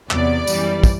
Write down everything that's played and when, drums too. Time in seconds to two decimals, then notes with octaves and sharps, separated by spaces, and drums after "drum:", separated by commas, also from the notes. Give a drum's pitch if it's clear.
0.11 E2 C3 F#3 B3 D5, drum: clap
0.47 F#2 E3 G3, drum: tambourine
0.84 drum: kick, tambourine